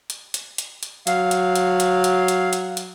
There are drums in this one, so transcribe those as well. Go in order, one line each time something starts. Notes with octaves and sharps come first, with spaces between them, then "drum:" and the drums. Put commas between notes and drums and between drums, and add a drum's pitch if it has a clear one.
drum: hi-hat
drum: hi-hat
drum: hi-hat
drum: hi-hat
F#3 F5, drum: hi-hat
drum: hi-hat
drum: hi-hat
drum: hi-hat
drum: hi-hat
drum: hi-hat
drum: hi-hat
drum: hi-hat